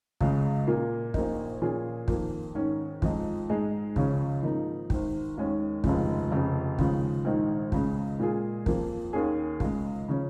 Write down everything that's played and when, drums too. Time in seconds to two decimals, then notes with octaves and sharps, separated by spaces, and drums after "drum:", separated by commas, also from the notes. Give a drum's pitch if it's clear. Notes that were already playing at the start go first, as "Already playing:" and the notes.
0.21 C#2 C#3 G#3, drum: kick
0.67 A#2 A#3 F4
1.14 A#1 A#2 A#3 D#4, drum: kick
1.62 A#2 F3 C#4 F4 G#4
2.08 F2 D#3 A#3, drum: kick
2.55 G#2 D#3 C#4
3.02 F2 F3 G#3 D#4, drum: kick
3.49 G#2 G#3 D#4 G#4
3.96 C#2 C#3 F3 C#4, drum: kick
4.43 G#2 F3 A#3 D#4
4.90 G#1 G#2 D#3, drum: kick
5.37 D#2 D#3 G#3 C#4
5.84 F1 D#2 C#3 F3 G#3, drum: kick
6.32 F1 F2 C#3
6.79 D#2 C#3 F3 G#3, drum: kick
7.25 A#1 G#2 D#3 G#3 D#4
7.72 C#2 C#3 G#3, drum: kick
8.19 A#2 G#3 F4 G#4
8.66 F2 F3 A#3, drum: kick
9.13 D#2 D#3 A#3 C#4 G#4
9.60 C#2 C#3 G#3, drum: kick
10.08 C#3 F3 C#4